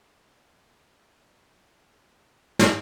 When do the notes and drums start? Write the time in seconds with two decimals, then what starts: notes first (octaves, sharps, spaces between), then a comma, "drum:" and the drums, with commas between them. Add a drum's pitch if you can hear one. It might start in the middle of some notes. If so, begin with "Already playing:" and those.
Already playing: F#4
0.12 F4
0.40 F4
0.49 D#4
2.59 drum: snare